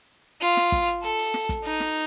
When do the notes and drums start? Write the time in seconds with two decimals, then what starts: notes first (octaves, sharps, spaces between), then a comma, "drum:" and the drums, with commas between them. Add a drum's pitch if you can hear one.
0.41 F4, drum: hi-hat
0.57 drum: snare
0.72 drum: kick, hi-hat
0.88 drum: hi-hat
1.03 A4, drum: hi-hat
1.18 drum: open hi-hat
1.34 drum: snare
1.49 drum: kick, hi-hat
1.65 D#4, drum: hi-hat
1.80 drum: snare